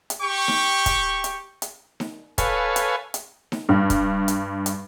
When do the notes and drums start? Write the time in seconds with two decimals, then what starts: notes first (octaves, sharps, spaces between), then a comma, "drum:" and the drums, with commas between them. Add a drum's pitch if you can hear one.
0.10 drum: hi-hat
0.22 G4 G5 C#6
0.48 drum: snare D#4
0.86 drum: kick, hi-hat
1.24 drum: hi-hat
1.62 drum: hi-hat
2.00 drum: snare D#4
2.38 A4 B4 C#5 F5 G#5, drum: kick, hi-hat
2.76 drum: hi-hat
3.14 drum: hi-hat
3.52 drum: snare D#4
3.69 G2
3.90 drum: kick, hi-hat
4.28 drum: hi-hat
4.66 drum: hi-hat